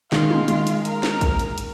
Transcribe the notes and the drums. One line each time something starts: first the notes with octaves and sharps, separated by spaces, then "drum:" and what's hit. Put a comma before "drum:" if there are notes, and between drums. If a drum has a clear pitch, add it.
D#3 G#3 F4, drum: snare
drum: tom
D#3 G#3, drum: hi-hat
drum: hi-hat
A#4, drum: hi-hat
drum: snare
drum: kick, hi-hat
drum: hi-hat
drum: hi-hat